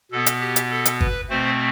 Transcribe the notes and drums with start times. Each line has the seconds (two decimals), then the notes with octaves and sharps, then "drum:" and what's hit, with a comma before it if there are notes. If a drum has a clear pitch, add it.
0.12 B2 B3 A4
0.26 drum: hi-hat
0.41 G4
0.56 drum: hi-hat
0.71 A4
0.85 drum: hi-hat
1.01 B4, drum: kick
1.30 B2 A3 C4 C5